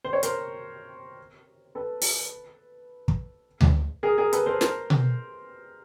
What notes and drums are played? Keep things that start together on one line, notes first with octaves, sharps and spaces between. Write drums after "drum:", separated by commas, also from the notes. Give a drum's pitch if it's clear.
C5
C#5
A#4 C5, drum: hi-hat
A4 B4
drum: open hi-hat
drum: kick
drum: tom D2
G#4 A#4
G#4 A#4
A4 B4, drum: hi-hat
A#4 C5
A#4 C5, drum: snare
drum: tom B2